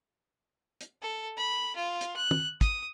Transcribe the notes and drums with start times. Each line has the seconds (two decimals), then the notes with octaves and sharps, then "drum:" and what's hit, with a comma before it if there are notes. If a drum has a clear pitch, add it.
0.81 drum: hi-hat
1.02 A4
1.37 B5
1.76 F4
2.01 drum: hi-hat
2.17 F#6
2.31 drum: tom
2.61 D#6, drum: kick, hi-hat